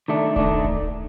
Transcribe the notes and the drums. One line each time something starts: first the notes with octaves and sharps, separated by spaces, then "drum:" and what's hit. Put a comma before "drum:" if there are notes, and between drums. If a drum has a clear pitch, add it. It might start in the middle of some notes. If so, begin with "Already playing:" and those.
D#3 A3 D4
D#3 A3 D4, drum: kick D1
drum: kick D1